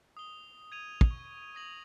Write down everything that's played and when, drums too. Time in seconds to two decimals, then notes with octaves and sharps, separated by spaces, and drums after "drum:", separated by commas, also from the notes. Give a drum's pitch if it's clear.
0.17 D#6 G7
0.72 G#6 D#7 F7
1.01 drum: kick
1.11 C#6
1.55 D#6 A#6 F#7